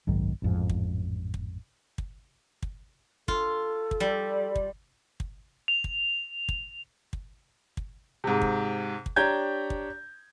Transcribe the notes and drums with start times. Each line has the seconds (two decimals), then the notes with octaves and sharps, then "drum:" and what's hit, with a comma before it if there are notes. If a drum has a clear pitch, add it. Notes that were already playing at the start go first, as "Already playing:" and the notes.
0.07 F#1 B1 G#2 D#3
0.42 A1 F2 G#2
0.70 drum: kick
1.34 drum: kick
1.98 drum: kick
2.63 drum: kick
3.28 F4 A4, drum: kick
3.91 drum: kick
4.00 G3
4.56 drum: kick
5.20 drum: kick
5.68 F7
5.84 drum: kick
6.49 drum: kick
7.13 drum: kick
7.77 drum: kick
8.24 G#2 C3
8.42 drum: kick
9.06 drum: kick
9.16 D4 G4 C#5 A#5 G6 G#6
9.70 drum: kick